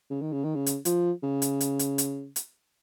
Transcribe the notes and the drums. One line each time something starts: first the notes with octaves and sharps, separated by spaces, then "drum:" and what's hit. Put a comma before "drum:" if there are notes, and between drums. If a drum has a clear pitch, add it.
C#3
D#3
C#3
D#3
C#3
drum: hi-hat
F3, drum: hi-hat
C#3
drum: hi-hat
drum: hi-hat
drum: hi-hat
drum: hi-hat
drum: hi-hat